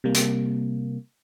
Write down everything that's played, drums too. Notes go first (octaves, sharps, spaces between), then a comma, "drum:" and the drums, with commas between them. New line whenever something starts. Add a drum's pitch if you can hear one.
C3 G3 A#3
drum: hi-hat